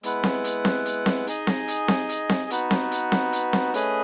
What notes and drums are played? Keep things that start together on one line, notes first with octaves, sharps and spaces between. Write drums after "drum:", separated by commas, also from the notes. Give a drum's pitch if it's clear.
G#3 B3 E4 B4 F#5, drum: hi-hat
drum: snare C4
drum: hi-hat
drum: snare C4
drum: hi-hat
drum: snare C4
D#4 G#4 D#5 G#5, drum: hi-hat
drum: snare C4
drum: hi-hat
drum: snare C4
drum: hi-hat
drum: snare C4
B3 D#4 F#4 B4, drum: hi-hat
drum: snare C4
drum: hi-hat
drum: snare C4
drum: hi-hat
drum: snare C4
A3 C#4 G#4 B4 D#5, drum: hi-hat